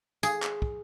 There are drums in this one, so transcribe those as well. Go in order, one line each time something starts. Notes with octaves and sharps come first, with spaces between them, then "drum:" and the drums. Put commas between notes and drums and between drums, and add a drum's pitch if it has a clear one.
G#4, drum: tambourine
drum: clap
drum: kick